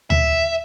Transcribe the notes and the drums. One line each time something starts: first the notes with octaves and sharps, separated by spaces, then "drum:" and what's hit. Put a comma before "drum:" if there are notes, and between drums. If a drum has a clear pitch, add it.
E5, drum: tom D2